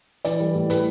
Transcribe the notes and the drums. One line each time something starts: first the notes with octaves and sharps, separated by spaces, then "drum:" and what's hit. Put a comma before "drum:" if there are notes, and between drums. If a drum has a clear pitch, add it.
E3 D5, drum: hi-hat
G3
A2
A2 B4, drum: hi-hat